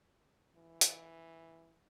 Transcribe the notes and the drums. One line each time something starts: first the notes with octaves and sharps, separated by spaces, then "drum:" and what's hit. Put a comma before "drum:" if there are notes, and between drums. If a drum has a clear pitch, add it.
E3
drum: hi-hat